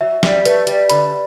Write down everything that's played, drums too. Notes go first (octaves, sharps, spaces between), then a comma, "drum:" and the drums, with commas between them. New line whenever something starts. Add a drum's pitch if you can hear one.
F#3 E5
G3, drum: snare
A3 B4, drum: hi-hat
G3, drum: hi-hat
D3 B5, drum: hi-hat